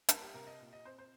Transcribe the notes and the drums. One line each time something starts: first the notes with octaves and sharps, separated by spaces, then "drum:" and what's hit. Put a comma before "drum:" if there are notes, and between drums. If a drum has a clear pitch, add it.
G3 A#4, drum: hi-hat
G4
C3 A#4
D#5
A#2
D#5
C4 C5
C5